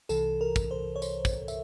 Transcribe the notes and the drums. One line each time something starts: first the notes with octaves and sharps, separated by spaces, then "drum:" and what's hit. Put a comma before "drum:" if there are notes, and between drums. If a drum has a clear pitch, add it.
C2 C3 E3 A4, drum: tambourine
A#4
drum: kick, tambourine
C5
C#5
C5, drum: tambourine
drum: kick, tambourine
E5, drum: tambourine